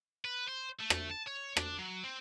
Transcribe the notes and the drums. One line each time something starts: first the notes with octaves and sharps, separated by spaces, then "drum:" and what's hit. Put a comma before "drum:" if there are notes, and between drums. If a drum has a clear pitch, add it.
B4
C5
A3
drum: rim click
A5
C#5
D4, drum: rim click
F#3
C4